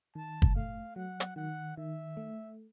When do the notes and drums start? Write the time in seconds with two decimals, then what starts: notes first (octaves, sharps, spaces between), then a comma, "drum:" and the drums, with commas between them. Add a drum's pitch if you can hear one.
0.15 D#3 A5
0.42 drum: kick
0.56 A3 F5
0.96 F#3 F#5
1.20 drum: hi-hat
1.36 D#3 F#5
1.77 D#3 E5
2.17 A3